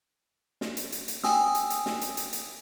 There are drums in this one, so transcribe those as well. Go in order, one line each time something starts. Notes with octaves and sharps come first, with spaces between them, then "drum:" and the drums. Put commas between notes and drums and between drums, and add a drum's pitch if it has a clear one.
drum: snare
drum: hi-hat
drum: hi-hat
drum: hi-hat
G5 G#5 D#6 E6, drum: snare
drum: hi-hat
drum: hi-hat
drum: snare
drum: hi-hat
drum: hi-hat
drum: hi-hat